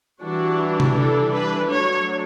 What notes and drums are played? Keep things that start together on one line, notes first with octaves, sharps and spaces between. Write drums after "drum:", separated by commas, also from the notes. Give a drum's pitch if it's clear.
E3 G3 D4 F#4
drum: tom C3
A4
B4
F#3 A3 D4 C#5